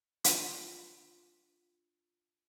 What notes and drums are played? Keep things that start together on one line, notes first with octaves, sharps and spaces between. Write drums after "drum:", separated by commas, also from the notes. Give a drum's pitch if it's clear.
D4 F4 C6, drum: hi-hat